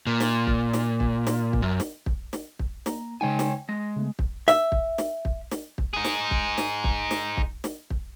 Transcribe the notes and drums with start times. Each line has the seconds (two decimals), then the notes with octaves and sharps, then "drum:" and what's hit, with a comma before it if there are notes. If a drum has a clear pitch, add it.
0.07 A#2
0.20 drum: snare
0.47 drum: kick
0.74 drum: snare
1.00 drum: kick
1.27 drum: snare
1.53 drum: kick
1.62 F#2
1.80 drum: snare
2.06 drum: kick
2.33 drum: snare
2.59 drum: kick
2.86 A#3 A#5, drum: snare
3.21 C#3 G#3 D#4 C#5 G5 G#5
3.39 drum: snare
3.69 G#3 A#6
3.97 C#3 A3 B3
4.19 drum: kick
4.48 E5, drum: snare
4.72 drum: kick
4.98 drum: snare
5.25 drum: kick
5.51 drum: snare
5.78 drum: kick
5.94 D#4 G#4
6.05 drum: snare
6.31 drum: kick
6.58 drum: snare
6.84 drum: kick
7.11 drum: snare
7.37 drum: kick
7.64 drum: snare
7.90 drum: kick